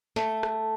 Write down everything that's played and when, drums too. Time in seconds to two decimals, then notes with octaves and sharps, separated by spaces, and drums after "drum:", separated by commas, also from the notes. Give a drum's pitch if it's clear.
0.16 A3, drum: snare
0.43 drum: rim click